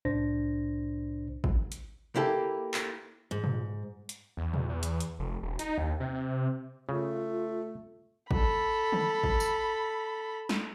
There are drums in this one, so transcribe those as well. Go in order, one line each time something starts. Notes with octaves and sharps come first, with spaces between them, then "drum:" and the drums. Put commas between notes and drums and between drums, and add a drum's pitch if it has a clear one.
C2 A2 D4 C5 A#6
drum: kick
drum: hi-hat
A#3 E4 G4 A4
drum: clap
G#2
drum: tom A#2
drum: hi-hat
E2
drum: tom A#2
E2
drum: hi-hat
drum: hi-hat
F1
E1
D#4, drum: hi-hat
D#2
C3
C#3 A3 F4
A4 B5, drum: kick
drum: tom D3
drum: kick
drum: tambourine
drum: snare